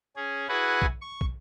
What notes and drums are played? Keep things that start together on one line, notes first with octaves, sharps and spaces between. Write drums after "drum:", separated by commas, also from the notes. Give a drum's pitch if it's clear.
C#4 G#4
E4 F#4 G#4 B4 F#5 G#5
drum: kick
C#6
drum: kick